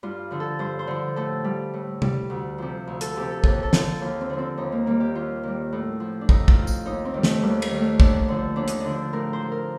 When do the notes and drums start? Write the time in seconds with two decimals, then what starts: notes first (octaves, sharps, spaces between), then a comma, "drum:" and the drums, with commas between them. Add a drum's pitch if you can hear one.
0.03 G2 F4
0.31 D3 F3
0.40 A4
0.59 G2 C5
0.79 C5
0.87 D3 F3
1.16 A2 A4
1.44 G3
1.74 A2
2.02 G3, drum: tom C3
2.30 D2
2.58 C3 F3
2.87 D2
3.01 A4, drum: hi-hat
3.16 C3 F3 G4
3.31 A4
3.44 D#2 A4, drum: kick
3.63 A4
3.73 D3 F3, drum: snare
3.82 A4
4.01 D#2 F4
4.21 C4
4.30 D3 F3
4.39 C4
4.57 D#2 D#4
4.72 A#3
4.86 D#3 G3 A#3
5.00 G4
5.15 D#2 F4
5.43 D#3 G3
5.73 A2
6.00 F3
6.21 D4
6.29 A2 D#4, drum: kick
6.48 F4, drum: kick
6.57 F3
6.67 drum: tambourine
6.85 D#2 D#4
7.05 C4
7.14 D#3 G3
7.23 A3, drum: snare
7.42 D#2 G3
7.62 A3, drum: cymbal
7.71 D#3 G3
7.81 A3
8.00 D#2 D4, drum: kick
8.28 D3 F3
8.56 D#2 D4
8.68 D#4, drum: hi-hat
8.80 D3 D4
8.90 F3
9.13 A2 A#4
9.33 C5
9.42 F3
9.52 A#4